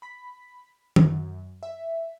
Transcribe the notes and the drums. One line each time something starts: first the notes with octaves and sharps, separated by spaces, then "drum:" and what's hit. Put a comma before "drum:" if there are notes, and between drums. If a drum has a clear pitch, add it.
B5 B6
F#2, drum: tom D#3
E5